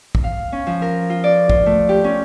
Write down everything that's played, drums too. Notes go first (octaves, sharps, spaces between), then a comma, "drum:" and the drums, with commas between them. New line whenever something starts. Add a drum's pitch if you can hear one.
drum: kick
F5
C#4
F3
A#4
F4
D5
F4, drum: kick
A3
G4
C#4